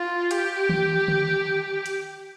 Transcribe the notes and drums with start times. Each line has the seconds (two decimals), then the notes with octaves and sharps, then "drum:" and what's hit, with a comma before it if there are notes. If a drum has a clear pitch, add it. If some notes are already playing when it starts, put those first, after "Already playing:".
Already playing: F4
0.31 G4, drum: hi-hat
0.69 drum: tom
1.08 drum: tom D3
1.86 drum: hi-hat